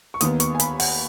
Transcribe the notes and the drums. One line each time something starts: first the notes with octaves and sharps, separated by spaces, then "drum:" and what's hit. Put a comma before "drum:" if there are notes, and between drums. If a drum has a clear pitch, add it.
C#6
D#2 D#3 B3 D#6, drum: hi-hat
C#6, drum: hi-hat
G#5
B5, drum: hi-hat
F#5, drum: open hi-hat